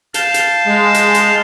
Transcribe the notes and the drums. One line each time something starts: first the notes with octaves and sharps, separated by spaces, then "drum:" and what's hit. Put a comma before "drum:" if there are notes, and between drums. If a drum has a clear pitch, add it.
F5 A5 G6, drum: hi-hat
drum: hi-hat
G#3
drum: hi-hat
drum: hi-hat